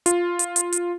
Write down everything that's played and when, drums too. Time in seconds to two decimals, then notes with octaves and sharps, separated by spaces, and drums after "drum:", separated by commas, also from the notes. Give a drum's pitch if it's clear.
0.06 F4, drum: hi-hat
0.39 drum: hi-hat
0.56 drum: hi-hat
0.72 drum: hi-hat